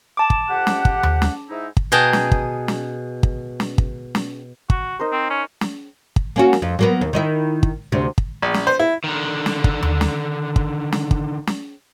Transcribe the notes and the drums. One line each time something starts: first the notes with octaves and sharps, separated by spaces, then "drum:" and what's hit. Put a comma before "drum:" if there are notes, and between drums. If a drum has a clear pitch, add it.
A5 D6
drum: kick
F2 G4 F#5
drum: snare
drum: kick
drum: tom D#2
drum: snare
G#2 D#4 E4
drum: kick
B2 G#4 G5 A5 A#5
drum: snare
drum: kick
drum: snare
drum: kick
drum: snare
drum: kick
drum: snare
F#4, drum: kick
D#4 A#4 C5
C4
C#4
drum: snare
drum: kick
A#3 C#4 F#4
drum: snare
F2
F#3 A#3 B3
D#2
D#3 D#4 E4
drum: kick
D2 C3
drum: kick
A#1
drum: snare
C5
E4
D3 D#3
drum: snare
drum: kick
drum: tom D#2
drum: snare
drum: kick
drum: snare
drum: kick
drum: snare